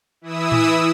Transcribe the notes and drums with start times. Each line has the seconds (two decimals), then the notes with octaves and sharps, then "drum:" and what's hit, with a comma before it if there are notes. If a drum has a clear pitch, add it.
0.21 E3 E4 D#6 E6
0.52 drum: tom A2